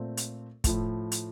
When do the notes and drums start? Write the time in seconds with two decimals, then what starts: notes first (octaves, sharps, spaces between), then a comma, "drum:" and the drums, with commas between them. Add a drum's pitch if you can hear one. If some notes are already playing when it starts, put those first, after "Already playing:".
Already playing: A#2 A3 C4 F4
0.17 drum: hi-hat
0.64 A2 F3 A3, drum: kick, hi-hat
1.12 drum: hi-hat